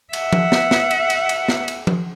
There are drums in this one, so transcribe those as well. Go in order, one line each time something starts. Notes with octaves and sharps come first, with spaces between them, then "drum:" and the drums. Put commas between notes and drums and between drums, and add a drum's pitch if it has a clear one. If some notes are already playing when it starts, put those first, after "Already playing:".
E5 F#5, drum: cymbal
drum: tom F3
drum: snare
drum: snare
drum: cymbal
drum: cymbal
drum: cymbal
drum: snare
drum: cymbal
drum: tom F3